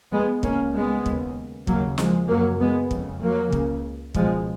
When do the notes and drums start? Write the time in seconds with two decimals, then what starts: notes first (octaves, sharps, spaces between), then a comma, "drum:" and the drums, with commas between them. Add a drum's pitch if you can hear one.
0.11 G#3 B3
0.43 C#2 C#3 A#3 C#4, drum: kick
0.73 G#3 B3
1.06 D#2 C#3, drum: kick
1.67 D#2 C#3 F#3 A#3, drum: kick
1.98 F3 G#3, drum: snare
2.28 F#2 C#3 F#3 A#3
2.60 G#3 B3
2.91 F2 C#3, drum: kick
3.22 F#3 A#3
3.52 C#2 C#3, drum: kick
4.14 C#2 B2 F3 G#3, drum: kick